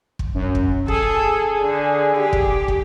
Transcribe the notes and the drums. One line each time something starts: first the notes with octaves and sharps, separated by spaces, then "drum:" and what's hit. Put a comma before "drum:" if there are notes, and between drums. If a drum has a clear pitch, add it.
drum: kick
F#2
drum: kick
G#4 A4 G#5, drum: kick
D3
G4
drum: kick
drum: kick